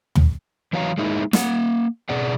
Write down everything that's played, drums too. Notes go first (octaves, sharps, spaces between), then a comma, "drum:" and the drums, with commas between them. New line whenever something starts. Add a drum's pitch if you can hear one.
drum: tom
E3 F#3 C#5 F5 A#5
G#3 A#3 D#4 E4
A#3 F#5, drum: snare
B2 G#4 D5 F#5